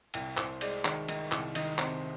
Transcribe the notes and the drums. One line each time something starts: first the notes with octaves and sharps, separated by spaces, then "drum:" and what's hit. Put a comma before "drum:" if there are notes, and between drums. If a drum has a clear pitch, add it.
C2 G5, drum: cymbal
C2 C5, drum: clap
G#3 D5, drum: cymbal
D#3, drum: clap
D#3, drum: cymbal
C2, drum: clap
D#3 D#5, drum: cymbal
C3 C5, drum: clap